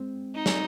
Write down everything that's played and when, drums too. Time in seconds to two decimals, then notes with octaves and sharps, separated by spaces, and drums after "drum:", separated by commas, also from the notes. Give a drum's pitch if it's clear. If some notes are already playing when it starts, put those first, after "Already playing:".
Already playing: G#3 C4
0.36 D#4
0.46 drum: snare